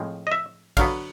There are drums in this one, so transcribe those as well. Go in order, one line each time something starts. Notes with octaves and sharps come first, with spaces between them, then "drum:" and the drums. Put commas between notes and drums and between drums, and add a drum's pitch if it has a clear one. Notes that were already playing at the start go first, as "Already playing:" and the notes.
Already playing: A2 F3 G#3 C4
D#5
E5
D3 F#3 B3 F5, drum: kick, cymbal